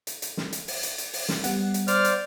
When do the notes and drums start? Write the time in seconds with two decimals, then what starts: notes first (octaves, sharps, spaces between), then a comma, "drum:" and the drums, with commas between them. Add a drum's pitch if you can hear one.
0.07 drum: hi-hat
0.22 drum: hi-hat
0.37 drum: snare
0.53 drum: hi-hat
0.68 drum: open hi-hat
0.83 drum: hi-hat
0.98 drum: hi-hat
1.13 drum: open hi-hat
1.29 drum: snare
1.44 G3 B3 F#5, drum: hi-hat
1.74 drum: hi-hat
1.88 C5 D5 F6, drum: hi-hat
2.05 drum: hi-hat